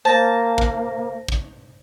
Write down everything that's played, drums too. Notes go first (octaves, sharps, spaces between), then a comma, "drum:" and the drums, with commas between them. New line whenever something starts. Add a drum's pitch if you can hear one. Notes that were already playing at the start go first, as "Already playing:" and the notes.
A#3 C5 A5 A#6
drum: kick
drum: kick